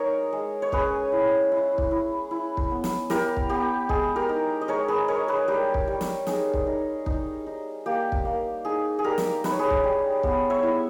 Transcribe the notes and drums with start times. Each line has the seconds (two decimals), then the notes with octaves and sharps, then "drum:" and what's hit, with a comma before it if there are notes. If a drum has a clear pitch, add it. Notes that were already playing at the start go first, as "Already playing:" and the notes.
Already playing: G#3 D#4 A#4 C#5 D#5
0.33 G#3
0.62 C#5
0.72 C#4 G#4 B4, drum: kick
1.12 E4
1.52 E4
1.78 drum: kick
1.91 E4
2.31 E4
2.57 drum: kick
2.71 B3
2.84 drum: snare
3.10 E4 G4 A#4, drum: snare
3.37 drum: kick
3.50 B3 G4
3.89 G#3 G#4, drum: kick
4.16 G4 A#4
4.29 D#4
4.61 D#5
4.68 G#3 A#4 C#5
4.88 G#4 B4
5.08 G#3 A#4 C#5
5.28 G#4 B4
5.48 G3 G4 A#4
5.74 drum: kick
5.88 G3
6.01 drum: snare
6.27 D#4 G#4, drum: snare
6.54 drum: kick
6.67 D#4
7.06 D#4, drum: kick
7.46 D#4
7.86 A#3 G4
8.12 drum: kick
8.25 A#3
8.65 D#4 G#4
8.99 G#4
9.04 G3 G4 A#4
9.18 drum: snare
9.44 D#4 B4, drum: snare
9.52 C#5
9.59 G#4 B4
9.71 drum: kick
9.84 G3
10.23 B3, drum: kick
10.50 C#5 E5
10.63 E4